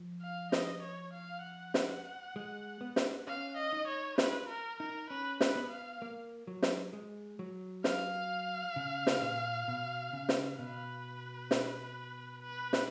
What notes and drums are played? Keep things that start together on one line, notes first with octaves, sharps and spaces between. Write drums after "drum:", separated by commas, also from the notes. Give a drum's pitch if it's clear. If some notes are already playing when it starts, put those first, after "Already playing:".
Already playing: F3
F5
D#5, drum: snare
C#5
F5
F#5
drum: snare
G#3
B3
drum: snare
C#4 F5
D#5
D#4
C#5
F4 B4, drum: snare
A#4
D#4 A#4
C#4 B4
B4, drum: snare
B3
F5
A#3
F#3
drum: snare
G#3
F#3
F5, drum: snare
C#3
drum: snare
A#2
B2
C#3
drum: snare
B2 B4
drum: snare
B4
drum: snare